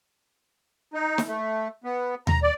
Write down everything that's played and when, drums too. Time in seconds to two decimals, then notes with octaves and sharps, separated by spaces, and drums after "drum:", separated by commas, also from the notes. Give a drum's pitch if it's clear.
0.94 D#4
1.18 drum: snare
1.27 A3
1.84 B3
2.27 A#5, drum: tom D#2
2.43 D5